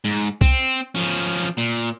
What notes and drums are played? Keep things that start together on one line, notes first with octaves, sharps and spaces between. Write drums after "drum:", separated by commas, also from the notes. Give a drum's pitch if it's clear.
G#2
C4, drum: kick C2
F3 C#4, drum: hi-hat
A#2, drum: hi-hat